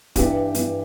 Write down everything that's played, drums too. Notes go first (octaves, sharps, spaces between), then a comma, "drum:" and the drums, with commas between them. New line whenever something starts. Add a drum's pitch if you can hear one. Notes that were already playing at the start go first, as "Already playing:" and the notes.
G2 E3 G4, drum: kick D1, hi-hat
G2 E3, drum: hi-hat